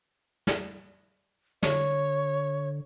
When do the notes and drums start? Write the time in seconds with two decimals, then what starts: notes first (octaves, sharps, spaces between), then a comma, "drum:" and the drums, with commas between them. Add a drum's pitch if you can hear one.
0.47 drum: snare
1.63 D3 C#5, drum: snare